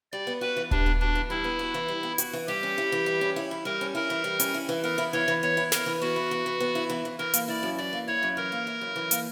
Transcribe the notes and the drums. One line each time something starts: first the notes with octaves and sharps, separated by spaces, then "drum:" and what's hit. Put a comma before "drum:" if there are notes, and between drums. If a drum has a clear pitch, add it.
G3 D5
B3
F#4 B4
E3
G3 D4, drum: kick D#1
B3
D4 F#4
E3
G3 E4
B3
F#4
E3
G3
B3
F#4, drum: hi-hat
E3
G3 G4
C#4
E4
E3
G3
C#4
E4
E3
G3 A#4
C#4
E4 A#4
E3
G3
C#4, drum: hi-hat
E4
E3
B3 A#4
E4
E3 C#5
E3
B3 C#5
E4
E3 A#4, drum: snare
E3
B3 F#4
E4
E3
E3
B3
E4
E3
E3
E3 A#4
A#3, drum: hi-hat
E4 D5
F#2
E3 D5
A#3
E4 C#5
F#2
E3 A#4
A#3
E4
F#2
E3
A#3, drum: hi-hat